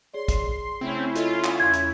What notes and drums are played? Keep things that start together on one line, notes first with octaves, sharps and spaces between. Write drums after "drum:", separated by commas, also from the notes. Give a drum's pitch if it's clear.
G#4 C#5 D5 C6
drum: kick, hi-hat
C#3 A3 C4 C#4 E4
F4 A4 D#5, drum: hi-hat
drum: clap
E2 C#6 G#6
drum: hi-hat